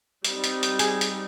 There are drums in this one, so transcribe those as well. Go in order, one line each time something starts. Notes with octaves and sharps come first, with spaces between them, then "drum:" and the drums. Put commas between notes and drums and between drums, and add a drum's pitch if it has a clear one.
G3 C4 D#4, drum: hi-hat
drum: hi-hat
drum: hi-hat
G#4, drum: hi-hat
drum: hi-hat